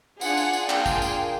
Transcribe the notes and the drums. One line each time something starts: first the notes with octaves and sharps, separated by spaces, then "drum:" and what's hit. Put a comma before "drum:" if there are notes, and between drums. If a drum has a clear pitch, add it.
D4 F4 G#4 F#5, drum: tambourine
drum: tambourine
drum: tambourine
A#3 D4 F4 G#4 G5, drum: clap
drum: kick, tambourine
drum: tambourine